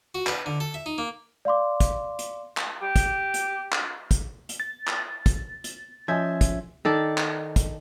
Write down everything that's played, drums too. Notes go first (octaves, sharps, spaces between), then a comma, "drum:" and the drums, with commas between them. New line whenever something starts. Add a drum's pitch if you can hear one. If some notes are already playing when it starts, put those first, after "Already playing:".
F#4
B4, drum: clap
D3
A4
E5
D#4
A#3
D5 F5 C6 D6
drum: kick, hi-hat
drum: hi-hat
drum: clap
G4
drum: kick, hi-hat
drum: hi-hat
drum: clap
drum: kick, hi-hat
drum: hi-hat
A6
drum: clap
drum: kick, hi-hat
drum: hi-hat
F3 C#4 D#5 E5 G#5 G6 G#6
drum: kick, hi-hat
D#3 A4 D5
drum: clap
drum: kick, hi-hat